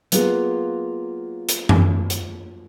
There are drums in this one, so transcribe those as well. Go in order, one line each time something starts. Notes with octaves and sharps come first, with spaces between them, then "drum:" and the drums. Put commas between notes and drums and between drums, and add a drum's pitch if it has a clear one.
F#3 A#3 B3 F4 G#4, drum: hi-hat
drum: hi-hat
drum: tom F#2
drum: hi-hat